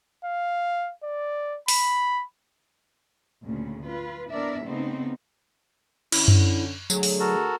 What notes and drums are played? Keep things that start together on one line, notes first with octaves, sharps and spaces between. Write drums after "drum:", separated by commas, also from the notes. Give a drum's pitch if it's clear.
F5
D5
B5, drum: open hi-hat
D2 A#2 C#3
F4 B4
E3 B3 D4 A#4 D5 E5
C#3 A3 B3 C4 D#4
D3 C#4 E4, drum: cymbal
drum: tom F#2
D3 F#3 A3 G#4, drum: tambourine
drum: open hi-hat
F#4 A4 A#4